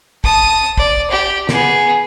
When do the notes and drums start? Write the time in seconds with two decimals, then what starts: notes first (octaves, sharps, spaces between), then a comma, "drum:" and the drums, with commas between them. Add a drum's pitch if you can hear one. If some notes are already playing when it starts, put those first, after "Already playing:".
0.24 A5 D#6, drum: kick
0.77 D5, drum: kick
1.11 G4
1.49 B3 G#4, drum: snare